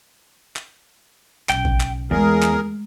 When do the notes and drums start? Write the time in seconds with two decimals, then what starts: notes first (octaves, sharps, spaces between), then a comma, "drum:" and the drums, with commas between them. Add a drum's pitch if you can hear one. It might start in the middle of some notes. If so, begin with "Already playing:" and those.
0.56 drum: clap
1.49 B1 C#3 G5, drum: clap
1.65 drum: kick A1
1.81 drum: clap
2.11 E2 G#3 A3 G#4 A#4
2.43 drum: clap